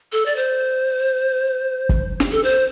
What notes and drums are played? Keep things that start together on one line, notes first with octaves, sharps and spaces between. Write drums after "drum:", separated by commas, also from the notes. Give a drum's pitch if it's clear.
A4
D5
C5
drum: kick F#1
drum: snare
A4
C5